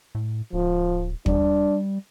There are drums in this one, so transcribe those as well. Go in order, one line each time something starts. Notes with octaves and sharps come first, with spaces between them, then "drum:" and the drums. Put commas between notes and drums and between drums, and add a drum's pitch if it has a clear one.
A2
D1 F3
G3 D4, drum: kick